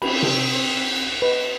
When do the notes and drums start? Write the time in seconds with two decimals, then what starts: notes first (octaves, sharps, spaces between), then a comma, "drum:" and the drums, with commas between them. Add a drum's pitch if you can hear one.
0.02 C4 B5, drum: cymbal
0.23 drum: tom C3
1.22 B4 D#5